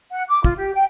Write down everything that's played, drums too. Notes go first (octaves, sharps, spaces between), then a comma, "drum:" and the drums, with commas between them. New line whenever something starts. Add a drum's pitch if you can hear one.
F#5
D6
F4, drum: kick
G4
G5